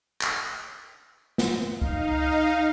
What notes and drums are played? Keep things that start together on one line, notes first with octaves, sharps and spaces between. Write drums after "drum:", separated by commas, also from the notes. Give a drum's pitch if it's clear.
drum: clap
drum: snare
D#4 F5
drum: kick C#2